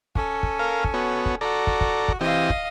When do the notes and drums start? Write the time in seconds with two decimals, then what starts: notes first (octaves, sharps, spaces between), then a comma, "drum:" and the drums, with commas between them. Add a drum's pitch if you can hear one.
0.15 C#4 A4, drum: kick
0.43 drum: kick
0.59 A#4 F5
0.84 drum: kick
0.94 B3 F#4 C#5
1.26 drum: kick
1.41 F#4 A4 D5 A#5
1.67 drum: kick
1.81 drum: kick
2.08 drum: kick
2.21 E3 C4 G4 D#5 F5
2.50 drum: kick